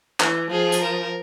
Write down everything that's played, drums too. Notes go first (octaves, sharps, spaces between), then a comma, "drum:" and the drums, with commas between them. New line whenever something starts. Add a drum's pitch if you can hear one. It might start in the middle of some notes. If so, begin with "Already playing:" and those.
E3, drum: clap
F3 G#4
drum: hi-hat
A#4